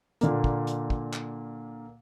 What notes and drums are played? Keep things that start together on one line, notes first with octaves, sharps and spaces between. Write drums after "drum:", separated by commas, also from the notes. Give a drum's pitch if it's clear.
A#2 D3 A#3, drum: hi-hat
drum: kick
drum: hi-hat
drum: kick
drum: clap